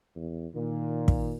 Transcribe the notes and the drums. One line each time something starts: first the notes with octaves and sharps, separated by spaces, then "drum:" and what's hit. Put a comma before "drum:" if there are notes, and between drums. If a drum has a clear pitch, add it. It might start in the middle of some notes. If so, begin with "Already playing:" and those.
E2
A#2 D#3
drum: kick